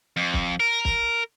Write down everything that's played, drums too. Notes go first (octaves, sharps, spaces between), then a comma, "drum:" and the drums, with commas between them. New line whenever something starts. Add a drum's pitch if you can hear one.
F2
drum: kick
A#4
drum: kick